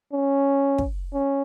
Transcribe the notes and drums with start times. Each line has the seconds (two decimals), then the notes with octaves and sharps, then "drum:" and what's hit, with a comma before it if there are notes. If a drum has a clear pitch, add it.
0.13 C#4
0.78 drum: kick
1.14 C#4